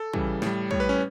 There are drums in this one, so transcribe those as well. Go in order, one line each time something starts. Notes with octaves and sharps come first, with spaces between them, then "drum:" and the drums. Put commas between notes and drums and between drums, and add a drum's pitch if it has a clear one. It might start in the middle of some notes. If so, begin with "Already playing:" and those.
Already playing: A4
C#3 E3 G3, drum: kick
A2 G3, drum: snare
A2 G3 C#5, drum: kick
B4
C#4